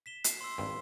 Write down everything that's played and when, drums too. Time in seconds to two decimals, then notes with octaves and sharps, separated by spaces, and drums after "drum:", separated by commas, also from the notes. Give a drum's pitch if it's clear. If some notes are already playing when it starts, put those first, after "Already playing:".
0.06 B6 E7 G7
0.24 C7, drum: hi-hat
0.41 C6 E6
0.58 G#1 G2